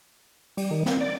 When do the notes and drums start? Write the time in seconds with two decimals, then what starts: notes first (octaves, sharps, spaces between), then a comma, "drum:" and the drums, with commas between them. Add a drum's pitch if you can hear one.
0.57 G3, drum: open hi-hat
0.71 D#3
0.86 C4, drum: snare
1.00 D5